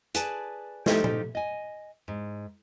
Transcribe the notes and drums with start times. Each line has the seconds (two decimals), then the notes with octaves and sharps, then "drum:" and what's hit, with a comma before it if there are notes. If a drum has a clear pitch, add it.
0.14 G#4 B4 D5 G#5 A5, drum: hi-hat
0.86 F3 D#4 G4 A4 D#5, drum: snare
1.04 drum: tom
1.35 D#5 G#5
2.08 G#2